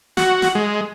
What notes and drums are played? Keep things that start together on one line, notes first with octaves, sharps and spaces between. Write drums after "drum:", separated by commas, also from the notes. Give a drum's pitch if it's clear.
F#4, drum: snare
drum: snare
G#3